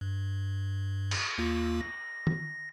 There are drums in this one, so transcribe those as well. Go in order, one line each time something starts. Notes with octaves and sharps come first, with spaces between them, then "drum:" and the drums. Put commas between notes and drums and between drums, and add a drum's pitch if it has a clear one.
G2
drum: cymbal
D#2 A#3 F4
A#6
drum: tom D#3